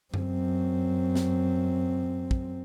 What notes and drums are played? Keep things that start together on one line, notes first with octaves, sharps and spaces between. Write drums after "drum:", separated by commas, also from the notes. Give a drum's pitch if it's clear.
F#2 C4, drum: tom F#2
drum: snare
drum: kick